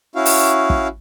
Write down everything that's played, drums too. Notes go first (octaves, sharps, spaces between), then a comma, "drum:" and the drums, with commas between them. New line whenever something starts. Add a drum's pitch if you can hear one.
C#4 E4 F#4 F5
drum: open hi-hat
drum: kick